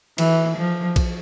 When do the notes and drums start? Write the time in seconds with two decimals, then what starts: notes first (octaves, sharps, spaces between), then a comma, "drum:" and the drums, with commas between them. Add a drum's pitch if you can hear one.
0.18 E3, drum: cymbal
0.57 F3
0.96 drum: kick A#1, cymbal